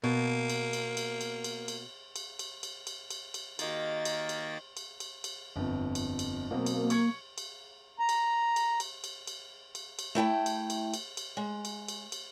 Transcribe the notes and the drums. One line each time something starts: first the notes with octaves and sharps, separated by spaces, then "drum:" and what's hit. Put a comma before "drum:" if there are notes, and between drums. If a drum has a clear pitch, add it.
B2 A#3
drum: cymbal
drum: cymbal
drum: cymbal
drum: cymbal
drum: cymbal
drum: cymbal
drum: cymbal
drum: cymbal
drum: cymbal
drum: cymbal
drum: cymbal
drum: cymbal
D#3 A#3 F#4 D#5 C6 A6, drum: cymbal
drum: cymbal
drum: cymbal
drum: cymbal
drum: cymbal
drum: cymbal
G1 F2
drum: cymbal
drum: cymbal
B2 F#3 A#3 C4
drum: cymbal
C#6 G#6 C#7, drum: cymbal
drum: cymbal
A#5
drum: cymbal
drum: cymbal
drum: cymbal
drum: cymbal
drum: cymbal
drum: cymbal
drum: cymbal
A3 E4 G5 A5
drum: cymbal
drum: cymbal
drum: cymbal
drum: cymbal
G#3
drum: cymbal
drum: cymbal
drum: cymbal